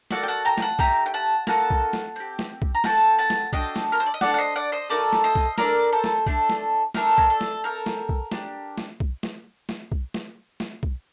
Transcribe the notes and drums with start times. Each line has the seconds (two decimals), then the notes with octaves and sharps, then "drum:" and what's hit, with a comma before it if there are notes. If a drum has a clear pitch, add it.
0.11 A#3 F#4 A4 D5 F#5, drum: snare
0.23 G5
0.28 F#5 A5
0.45 G5 A#5
0.58 G5, drum: snare
0.62 F#5 A5
0.79 A3 D#4 G4 G5 A#5, drum: kick B1
1.06 G5
1.14 F#5 A5
1.47 A#3 D#4 F#4 A4 F#5 A5, drum: snare
1.70 drum: kick B1
1.93 drum: snare
2.16 C4 G4
2.39 drum: snare
2.62 drum: kick B1
2.75 A#5
2.84 C4 F#4 A4 F#5 A5, drum: snare
3.18 F#5 A5
3.30 drum: snare
3.53 D4 F#4 A4 D#5 G5, drum: kick B1
3.76 drum: snare
3.92 A#4
4.00 C5
4.06 D5
4.14 D#5
4.21 D4 A4 D5 F#5, drum: snare
4.34 F#5
4.38 C5 D#5
4.56 D5 F#5
4.72 C5 D#5
4.89 A3 D#4 F#4 A4 A#4 D5
5.13 drum: snare
5.24 C5 D#5
5.35 drum: kick B1
5.58 A#3 D4 A4 A#4 D5, drum: snare
5.92 A4 C5
6.04 drum: snare
6.26 A3 D4 A4, drum: kick B1
6.49 drum: snare
6.94 A3 D4 A4 A#4, drum: snare
7.18 drum: kick B1
7.30 A4
7.41 drum: snare
7.64 C4 F#4 A4 A#4
7.86 drum: snare
8.09 drum: kick B1
8.32 D4 G4, drum: snare
8.78 drum: snare
9.00 drum: kick B1
9.23 drum: snare
9.69 drum: snare
9.92 drum: kick B1
10.14 drum: snare
10.60 drum: snare
10.83 drum: kick B1